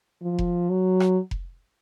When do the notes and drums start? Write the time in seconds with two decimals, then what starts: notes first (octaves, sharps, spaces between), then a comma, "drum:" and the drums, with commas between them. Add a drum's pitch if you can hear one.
0.23 F3
0.39 drum: kick F1
0.70 F#3
1.00 drum: rim click
1.31 drum: kick F1